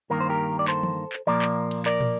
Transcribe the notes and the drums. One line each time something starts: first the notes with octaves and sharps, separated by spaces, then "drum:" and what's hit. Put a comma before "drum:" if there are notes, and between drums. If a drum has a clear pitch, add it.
G2 D#3 A#3 A#4
C5
G4 A#4
D5
A4 C5, drum: clap
drum: tom E3
drum: clap
A#2 F3 A#3 A#4 D5
drum: clap
drum: cymbal
A#4 D5, drum: clap
drum: tom